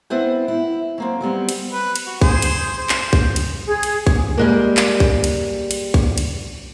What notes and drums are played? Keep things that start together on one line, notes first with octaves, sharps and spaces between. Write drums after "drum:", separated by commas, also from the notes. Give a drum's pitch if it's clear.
B3 C4 E4 B4 C5
E4
F#3 A#3 C4
F#3 G3 B3 C4
drum: cymbal
B4
drum: cymbal
F#4
G#4 C5, drum: kick
drum: cymbal
C5
drum: clap
drum: kick
drum: cymbal
G#4
drum: cymbal
drum: kick
G3 G#3 A#3
drum: clap
drum: kick
drum: cymbal
drum: cymbal
drum: kick
drum: cymbal